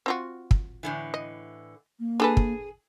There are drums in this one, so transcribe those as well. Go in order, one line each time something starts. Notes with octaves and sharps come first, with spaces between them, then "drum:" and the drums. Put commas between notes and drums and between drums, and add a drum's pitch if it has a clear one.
C4 F4 F#4
drum: kick
A2 D3 E3
D#5
A#3
D4 G#4 A4 B4
drum: kick